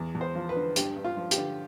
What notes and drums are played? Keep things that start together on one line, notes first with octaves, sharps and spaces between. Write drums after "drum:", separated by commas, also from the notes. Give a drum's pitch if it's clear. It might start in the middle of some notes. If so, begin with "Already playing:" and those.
Already playing: E2
E2
C5
F3
B4
D3
G2 G4, drum: hi-hat
G2
F4
F3
G4, drum: hi-hat
D3